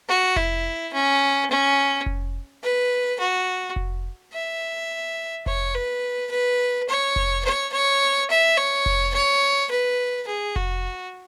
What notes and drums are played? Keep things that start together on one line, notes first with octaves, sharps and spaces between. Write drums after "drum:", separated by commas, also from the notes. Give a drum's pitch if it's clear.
F#4
E4, drum: kick F1
C#4
C#4
drum: kick F1
B4
F#4
drum: kick F1
E5
C#5, drum: kick F1
B4
B4
C#5
drum: kick F1
C#5
C#5
E5
C#5
drum: kick F1
C#5
B4
G#4
F#4, drum: kick F1